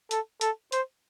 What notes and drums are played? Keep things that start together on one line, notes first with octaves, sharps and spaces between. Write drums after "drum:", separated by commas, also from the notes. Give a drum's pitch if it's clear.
A4, drum: hi-hat
A4, drum: hi-hat
C5, drum: hi-hat